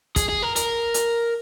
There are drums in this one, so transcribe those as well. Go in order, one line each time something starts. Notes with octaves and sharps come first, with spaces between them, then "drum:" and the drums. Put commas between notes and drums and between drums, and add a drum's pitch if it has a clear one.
G#4, drum: kick, hi-hat
G#4
A#4
A#4, drum: hi-hat
drum: hi-hat